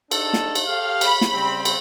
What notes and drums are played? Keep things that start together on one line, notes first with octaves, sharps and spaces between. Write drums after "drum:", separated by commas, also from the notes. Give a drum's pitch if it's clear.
D4 D#4 A4, drum: cymbal
drum: snare
drum: cymbal
G4 A4 F5
B5, drum: cymbal
drum: snare
C#3 G3 C4
drum: cymbal